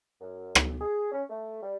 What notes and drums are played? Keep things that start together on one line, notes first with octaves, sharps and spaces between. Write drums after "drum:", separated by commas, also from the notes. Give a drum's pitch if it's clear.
F#2
drum: rim click
G#4
C#4
A3
G3